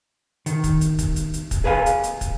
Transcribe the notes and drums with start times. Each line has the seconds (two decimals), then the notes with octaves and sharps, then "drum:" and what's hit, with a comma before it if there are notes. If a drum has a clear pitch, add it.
0.46 D#3, drum: hi-hat
0.64 drum: kick, hi-hat
0.81 drum: hi-hat
0.99 drum: kick, hi-hat
1.16 drum: hi-hat
1.34 drum: hi-hat
1.51 drum: kick, hi-hat
1.64 G#4 B4 F5 G#5
1.86 drum: hi-hat
2.04 drum: hi-hat
2.21 drum: kick, hi-hat